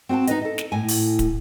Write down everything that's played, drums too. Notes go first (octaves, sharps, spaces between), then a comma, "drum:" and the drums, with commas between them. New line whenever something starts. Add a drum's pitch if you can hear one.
C4 F#4 F#5 G5 A5
D#4 B4 D#5, drum: hi-hat
A4 D#5
drum: snare
A2 G#5
drum: open hi-hat
drum: kick, hi-hat